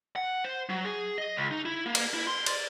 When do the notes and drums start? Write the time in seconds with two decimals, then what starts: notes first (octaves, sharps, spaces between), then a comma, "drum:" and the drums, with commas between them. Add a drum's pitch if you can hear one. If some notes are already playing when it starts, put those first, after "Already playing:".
0.16 F#5
0.44 C5
0.69 F#3
0.85 G#4
1.18 D#5
1.37 C#2
1.51 D#4
1.65 E4
1.86 A#3
1.95 drum: cymbal
2.14 E4
2.27 C6
2.46 D5, drum: cymbal